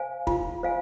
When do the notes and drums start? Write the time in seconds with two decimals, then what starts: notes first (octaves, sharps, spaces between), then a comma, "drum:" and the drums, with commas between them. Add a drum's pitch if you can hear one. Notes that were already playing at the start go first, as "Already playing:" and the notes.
Already playing: C5 F5 G#5
0.27 F4, drum: kick
0.63 C5 F5 G#5